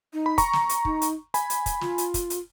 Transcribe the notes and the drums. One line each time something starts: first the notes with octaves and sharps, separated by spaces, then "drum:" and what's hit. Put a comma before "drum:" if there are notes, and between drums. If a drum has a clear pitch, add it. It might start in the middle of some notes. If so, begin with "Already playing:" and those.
D#4
B5
A#5 C#6, drum: kick, hi-hat
drum: snare
drum: hi-hat
D#4, drum: kick
drum: hi-hat
G#5 B5, drum: hi-hat
drum: hi-hat
drum: kick, hi-hat
F4, drum: snare
drum: hi-hat
drum: kick, hi-hat
drum: hi-hat